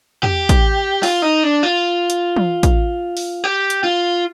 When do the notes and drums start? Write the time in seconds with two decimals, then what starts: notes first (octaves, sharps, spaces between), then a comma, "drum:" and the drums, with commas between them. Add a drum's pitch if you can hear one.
0.23 G4, drum: tom
0.49 drum: kick, hi-hat
1.03 F4, drum: open hi-hat
1.22 D#4
1.43 D4
1.63 F4
2.10 drum: hi-hat
2.36 drum: tom E3
2.63 drum: kick, hi-hat
3.17 drum: open hi-hat
3.44 G4
3.70 drum: hi-hat
3.84 F4